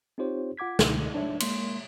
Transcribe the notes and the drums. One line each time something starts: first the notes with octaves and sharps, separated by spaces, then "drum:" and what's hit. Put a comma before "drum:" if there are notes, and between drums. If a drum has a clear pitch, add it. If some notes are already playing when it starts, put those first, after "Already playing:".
C4 D#4 F4 G4 C5 C#5
F4 F#5 D6 G#6 B6
C#2 B2 D3 A3, drum: snare
D4 C#5 E5
G#3 A#3 C6, drum: cymbal